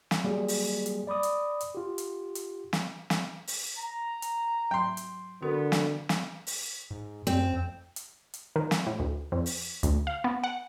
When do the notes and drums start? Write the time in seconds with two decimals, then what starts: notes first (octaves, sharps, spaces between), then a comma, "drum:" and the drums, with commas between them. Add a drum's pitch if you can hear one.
0.11 drum: snare
0.24 F#3 G3 A#3 G#4
0.48 drum: open hi-hat
0.86 drum: hi-hat
1.07 D5 B5 D6 D#6
1.23 drum: hi-hat
1.60 drum: hi-hat
1.75 F4 G4
1.98 drum: hi-hat
2.35 drum: hi-hat
2.73 drum: snare
3.10 drum: snare
3.47 drum: open hi-hat
3.78 A#5
4.22 drum: hi-hat
4.71 G#2 F#3 G5 C6
4.97 drum: hi-hat
5.43 D3 B3 D4 F#4 A#4
5.72 drum: snare
6.09 drum: snare
6.47 drum: open hi-hat
6.91 G#2
7.27 F#2 C4
7.53 F2
7.96 drum: hi-hat
8.34 drum: hi-hat
8.56 D#3
8.71 drum: snare
8.87 A2
9.00 D2
9.32 F2
9.46 drum: open hi-hat
9.83 D2, drum: hi-hat
10.07 F5
10.24 B3
10.44 F#5